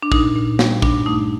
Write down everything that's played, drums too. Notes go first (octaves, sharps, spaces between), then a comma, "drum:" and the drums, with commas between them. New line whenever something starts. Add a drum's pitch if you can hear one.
D4
A#2 D#4, drum: kick
A#2
G3, drum: snare
G2 D4, drum: kick
A3 D#4